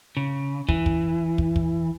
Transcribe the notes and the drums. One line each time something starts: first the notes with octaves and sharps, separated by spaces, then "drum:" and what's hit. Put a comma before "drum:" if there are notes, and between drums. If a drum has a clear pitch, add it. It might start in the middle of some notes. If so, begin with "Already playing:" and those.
C#3
E3, drum: kick
drum: kick
drum: kick
drum: kick